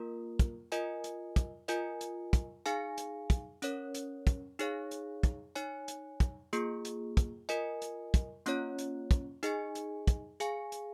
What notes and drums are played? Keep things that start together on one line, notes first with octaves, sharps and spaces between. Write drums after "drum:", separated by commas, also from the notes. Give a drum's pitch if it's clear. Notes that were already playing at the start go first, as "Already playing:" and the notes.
Already playing: A#3 F4 A#4
drum: kick, hi-hat
F4 A#4 D#5 G#5, drum: hi-hat
drum: hi-hat
drum: kick, hi-hat
F4 A#4 D#5 G#5, drum: hi-hat
drum: hi-hat
drum: kick, hi-hat
D#4 G#4 F5 G#5, drum: hi-hat
drum: hi-hat
drum: kick, hi-hat
C#4 A#4 C#5, drum: hi-hat
drum: hi-hat
drum: kick, hi-hat
D#4 G#4 C#5 F5, drum: hi-hat
drum: hi-hat
drum: kick, hi-hat
D#4 C#5 G#5, drum: hi-hat
drum: hi-hat
drum: kick, hi-hat
A#3 F4 G#4, drum: hi-hat
drum: hi-hat
drum: kick, hi-hat
F4 A#4 D#5 G#5, drum: hi-hat
drum: hi-hat
drum: kick, hi-hat
A#3 C#4 F4 C#5, drum: hi-hat
drum: hi-hat
drum: kick, hi-hat
D#4 G#4 D#5 G#5, drum: hi-hat
drum: hi-hat
drum: kick, hi-hat
G#4 F5 G#5, drum: hi-hat
drum: hi-hat